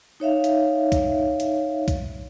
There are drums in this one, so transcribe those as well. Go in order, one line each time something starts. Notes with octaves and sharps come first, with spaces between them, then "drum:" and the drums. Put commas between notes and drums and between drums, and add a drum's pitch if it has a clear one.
D#4 C#5 E5 F5
drum: hi-hat
drum: kick, hi-hat
drum: hi-hat
drum: kick, hi-hat